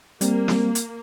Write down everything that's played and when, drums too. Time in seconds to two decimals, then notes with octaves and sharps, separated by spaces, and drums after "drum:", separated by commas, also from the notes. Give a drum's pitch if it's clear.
0.21 G3 A#3 C4, drum: hi-hat
0.48 drum: snare
0.75 drum: hi-hat